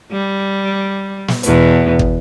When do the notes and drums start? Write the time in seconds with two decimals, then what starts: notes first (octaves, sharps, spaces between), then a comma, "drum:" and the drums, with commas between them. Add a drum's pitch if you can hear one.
0.12 G3
1.28 drum: snare
1.43 E2 B2 B3, drum: hi-hat
1.99 drum: kick